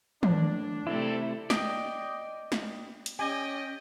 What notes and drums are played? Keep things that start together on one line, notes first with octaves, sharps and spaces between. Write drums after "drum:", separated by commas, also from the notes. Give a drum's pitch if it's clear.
A2 D4, drum: tom
C3 A3 C4 E4 A4 D5
D5 D#5 G5, drum: snare
drum: snare
drum: hi-hat
C#4 G4 D5 D#5 G5 G#5